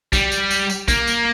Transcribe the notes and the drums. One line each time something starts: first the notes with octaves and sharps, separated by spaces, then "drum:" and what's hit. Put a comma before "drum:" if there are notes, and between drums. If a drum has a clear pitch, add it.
G3, drum: kick, tambourine
drum: tambourine
drum: tambourine
drum: tambourine
A#3, drum: kick, tambourine
drum: tambourine